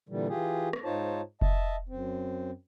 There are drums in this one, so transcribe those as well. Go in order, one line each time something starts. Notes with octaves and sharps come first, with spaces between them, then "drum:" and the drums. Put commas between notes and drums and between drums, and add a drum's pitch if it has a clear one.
A#2 D3 E3 G3
E3 F4 G4 G#4
drum: rim click
G#2 D#4 F4 C5 C#5 A5
D#5 E5 A5, drum: kick F1
F#2 C4